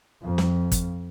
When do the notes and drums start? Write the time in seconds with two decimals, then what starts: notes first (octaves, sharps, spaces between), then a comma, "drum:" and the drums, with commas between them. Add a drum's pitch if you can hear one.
0.22 F2
0.38 drum: snare
0.72 drum: kick, hi-hat